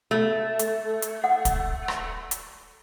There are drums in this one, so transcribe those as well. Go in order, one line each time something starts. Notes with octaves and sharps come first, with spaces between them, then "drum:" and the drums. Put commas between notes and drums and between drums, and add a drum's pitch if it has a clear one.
A3
drum: hi-hat
drum: hi-hat
F#5
drum: kick, hi-hat
drum: rim click
drum: hi-hat